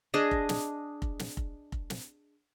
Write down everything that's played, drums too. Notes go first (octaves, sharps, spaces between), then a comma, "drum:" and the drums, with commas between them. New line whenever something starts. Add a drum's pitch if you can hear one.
D4 G#4 D#5
drum: kick F1
drum: snare
drum: kick F1
drum: snare
drum: kick F1
drum: kick F1
drum: snare